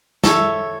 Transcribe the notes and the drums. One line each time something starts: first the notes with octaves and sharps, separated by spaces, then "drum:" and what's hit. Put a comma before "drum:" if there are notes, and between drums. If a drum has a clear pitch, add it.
A4 C#5 E5, drum: snare